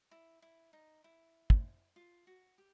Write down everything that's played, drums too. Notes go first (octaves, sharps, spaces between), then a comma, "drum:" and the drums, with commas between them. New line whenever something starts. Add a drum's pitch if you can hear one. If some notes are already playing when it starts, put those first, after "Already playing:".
E4
E4
D#4
E4
drum: kick
F4
F#4
G4